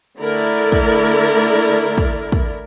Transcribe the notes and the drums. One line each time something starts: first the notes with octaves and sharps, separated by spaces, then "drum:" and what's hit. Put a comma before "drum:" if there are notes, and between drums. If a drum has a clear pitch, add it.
D3 A3 E4 A#4 D5
drum: kick
drum: open hi-hat
drum: kick
drum: kick